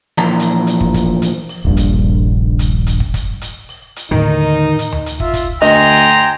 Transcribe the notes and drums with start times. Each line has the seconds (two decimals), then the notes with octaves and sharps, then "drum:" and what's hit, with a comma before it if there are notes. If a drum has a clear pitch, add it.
0.18 A#2 E3 F3 A5 A#5
0.39 drum: hi-hat
0.67 drum: hi-hat
0.81 drum: kick
0.94 drum: kick, hi-hat
1.22 drum: hi-hat
1.49 drum: open hi-hat
1.65 D#1 A#1 G2
1.77 drum: hi-hat
2.59 drum: hi-hat
2.87 drum: hi-hat
3.00 drum: kick
3.14 drum: kick, hi-hat
3.41 drum: hi-hat
3.69 drum: open hi-hat
3.96 drum: hi-hat
4.11 D#2 A2 D3 D#3 D#4
4.79 drum: hi-hat
4.92 drum: tom D2
5.06 drum: hi-hat
5.20 F4 E5, drum: kick
5.34 drum: kick, hi-hat
5.62 D2 D#5 G5 G#5 A#5 C6, drum: hi-hat
5.89 drum: open hi-hat